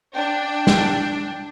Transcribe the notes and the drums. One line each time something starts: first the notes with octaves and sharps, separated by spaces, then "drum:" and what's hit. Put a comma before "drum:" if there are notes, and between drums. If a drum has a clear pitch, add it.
D4 G5
drum: snare